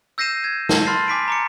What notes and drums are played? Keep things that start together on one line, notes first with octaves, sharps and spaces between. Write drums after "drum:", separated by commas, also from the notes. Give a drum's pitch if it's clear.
E6 G6 A#6 C7 D#7 E7
G#6
A5, drum: snare
B5 C6 F6 A6 C7
G#5 D6 B6 D7
A#5 D6 C#7